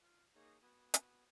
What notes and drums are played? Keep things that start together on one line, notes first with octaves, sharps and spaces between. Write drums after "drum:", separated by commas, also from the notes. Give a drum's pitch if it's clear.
F4
A#3 D#4 G#4 C#5 A#5
B3 F#4 G#5 B5 D#6 E6
drum: hi-hat